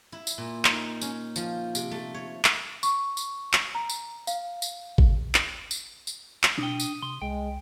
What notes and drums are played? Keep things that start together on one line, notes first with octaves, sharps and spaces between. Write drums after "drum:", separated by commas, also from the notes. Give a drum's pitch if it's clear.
E4
drum: tambourine
A#2
D#4, drum: clap
C#4, drum: tambourine
F3, drum: tambourine
C3, drum: tambourine
A3
C#5
drum: clap
C#6, drum: tambourine
drum: tambourine
drum: clap
A#5
drum: tambourine
F5, drum: tambourine
drum: tambourine
drum: kick G#1
drum: clap
drum: tambourine
drum: tambourine
drum: clap
B2 D4 G5 D#6
drum: tambourine
C3 C6
C2 G#3 G5